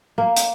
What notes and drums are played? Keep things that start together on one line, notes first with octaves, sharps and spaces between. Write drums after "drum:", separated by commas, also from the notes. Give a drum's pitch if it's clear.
A#3
drum: hi-hat